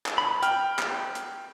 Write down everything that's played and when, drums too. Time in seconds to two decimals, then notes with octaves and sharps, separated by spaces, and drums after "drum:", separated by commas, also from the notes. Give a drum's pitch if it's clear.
0.06 drum: clap
0.18 B5
0.43 G5 F6, drum: hi-hat
0.79 drum: clap
1.15 drum: hi-hat